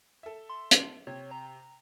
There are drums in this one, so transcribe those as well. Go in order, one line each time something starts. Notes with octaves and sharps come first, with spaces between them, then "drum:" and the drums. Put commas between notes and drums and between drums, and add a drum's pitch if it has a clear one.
A4 E5
C6
drum: hi-hat
C3 C#5
A#5